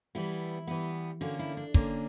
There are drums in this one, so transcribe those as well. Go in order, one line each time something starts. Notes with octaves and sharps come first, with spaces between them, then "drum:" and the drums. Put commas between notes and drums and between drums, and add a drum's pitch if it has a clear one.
E3 G3 B3 E4
E3 G3 B3
D3 A#3 C#4 F#4
E4
D4
D3 A#3 C#4, drum: kick